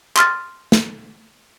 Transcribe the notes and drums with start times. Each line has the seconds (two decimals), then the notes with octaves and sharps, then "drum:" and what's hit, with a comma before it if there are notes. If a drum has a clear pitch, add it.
0.17 C6 F6 A6, drum: clap
0.72 drum: snare